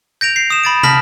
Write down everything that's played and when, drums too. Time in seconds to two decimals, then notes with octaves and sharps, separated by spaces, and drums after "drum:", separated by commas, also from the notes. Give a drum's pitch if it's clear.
0.21 G6 A#6 D7 F7
0.36 C7
0.50 D#6 E7
0.64 B5 A6 D7
0.83 A5 F6 A#6 B6 F#7, drum: tom